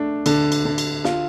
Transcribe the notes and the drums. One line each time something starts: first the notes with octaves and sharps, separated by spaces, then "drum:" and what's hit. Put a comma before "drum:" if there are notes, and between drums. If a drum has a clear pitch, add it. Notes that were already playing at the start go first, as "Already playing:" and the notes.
Already playing: A3 D4
D3, drum: cymbal
drum: cymbal
D3
drum: cymbal
F4, drum: snare